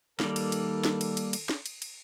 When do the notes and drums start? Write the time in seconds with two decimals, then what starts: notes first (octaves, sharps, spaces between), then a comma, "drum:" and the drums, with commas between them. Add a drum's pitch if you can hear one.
0.20 D#3 G3 A#3 A4, drum: snare
0.36 drum: cymbal
0.52 drum: cymbal
0.85 drum: snare
1.01 drum: cymbal
1.17 drum: cymbal
1.33 drum: cymbal
1.49 drum: snare
1.66 drum: cymbal
1.82 drum: cymbal